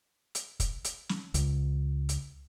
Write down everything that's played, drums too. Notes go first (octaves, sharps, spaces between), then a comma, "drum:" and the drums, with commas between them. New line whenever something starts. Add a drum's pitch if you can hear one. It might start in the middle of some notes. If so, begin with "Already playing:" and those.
drum: hi-hat
drum: kick, hi-hat
drum: hi-hat
drum: snare
C#2, drum: hi-hat
drum: hi-hat